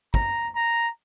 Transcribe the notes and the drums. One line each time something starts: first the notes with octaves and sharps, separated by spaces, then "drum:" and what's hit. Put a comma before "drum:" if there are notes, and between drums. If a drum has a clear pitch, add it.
A#5, drum: kick
A#5